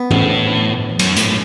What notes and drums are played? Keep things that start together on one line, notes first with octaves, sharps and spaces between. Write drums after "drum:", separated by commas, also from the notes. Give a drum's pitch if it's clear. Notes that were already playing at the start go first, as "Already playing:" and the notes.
Already playing: B3
A2, drum: tom E3
F#2, drum: cymbal
A2, drum: hi-hat
A2